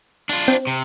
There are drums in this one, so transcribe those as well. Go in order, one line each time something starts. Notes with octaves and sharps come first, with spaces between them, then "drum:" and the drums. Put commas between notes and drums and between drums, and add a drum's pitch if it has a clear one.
D4 F4, drum: hi-hat
C4
C3